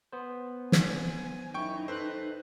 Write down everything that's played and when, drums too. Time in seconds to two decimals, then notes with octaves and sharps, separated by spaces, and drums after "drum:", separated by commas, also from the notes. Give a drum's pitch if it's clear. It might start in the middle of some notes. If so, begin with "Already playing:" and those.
0.12 B3 C5
0.72 G#5, drum: snare
1.54 F#2 D#4 E4 G5 C#6
1.88 A4 B4 C5 F#6